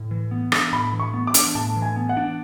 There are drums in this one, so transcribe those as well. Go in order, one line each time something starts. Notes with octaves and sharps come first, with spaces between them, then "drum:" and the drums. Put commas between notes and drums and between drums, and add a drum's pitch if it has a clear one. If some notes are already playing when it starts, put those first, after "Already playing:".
Already playing: A2
E3
B3
D4, drum: rim click
A2 B5
E3
C#6
B3
D6
D4, drum: hi-hat
A2 A5
E3
G#5
B3
F#5
D4